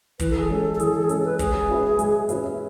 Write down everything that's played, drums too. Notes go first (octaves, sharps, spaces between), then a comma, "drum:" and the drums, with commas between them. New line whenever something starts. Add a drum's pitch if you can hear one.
E3 B4, drum: kick, hi-hat
A4
G#4
G#3 C#4 A4
A4
E3 G#4, drum: hi-hat
A4
G#4
G#3 C#4 A4, drum: hi-hat
B4
G#3 G#4, drum: kick, hi-hat
C#4 F#4 B4 E5
G#3, drum: hi-hat
C#4 F#4 B4 E5, drum: hi-hat